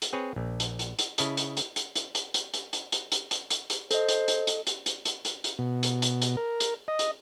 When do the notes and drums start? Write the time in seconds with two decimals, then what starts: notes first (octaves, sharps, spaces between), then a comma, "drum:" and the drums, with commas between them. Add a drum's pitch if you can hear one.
0.02 drum: hi-hat
0.13 C4 G#4 B4 C#5
0.36 A#1
0.60 drum: hi-hat
0.79 drum: hi-hat
0.99 drum: hi-hat
1.18 C#3 E4 D#5 A5, drum: hi-hat
1.37 drum: hi-hat
1.57 drum: hi-hat
1.76 drum: hi-hat
1.95 drum: hi-hat
2.15 drum: hi-hat
2.34 drum: hi-hat
2.54 drum: hi-hat
2.73 drum: hi-hat
2.92 drum: hi-hat
3.12 drum: hi-hat
3.31 drum: hi-hat
3.50 drum: hi-hat
3.70 drum: hi-hat
3.91 A4 C5 D#5, drum: hi-hat
4.09 drum: hi-hat
4.28 drum: hi-hat
4.47 drum: hi-hat
4.67 drum: hi-hat
4.86 drum: hi-hat
5.05 drum: hi-hat
5.25 drum: hi-hat
5.44 drum: hi-hat
5.59 B2
5.83 drum: hi-hat
6.02 drum: hi-hat
6.22 drum: hi-hat
6.37 A#4
6.60 drum: hi-hat
6.88 D#5
6.99 drum: hi-hat